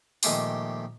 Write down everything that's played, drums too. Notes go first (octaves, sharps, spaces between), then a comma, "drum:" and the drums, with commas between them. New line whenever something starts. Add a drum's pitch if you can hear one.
A#1 D#3 G#3 A3 G4 C6, drum: open hi-hat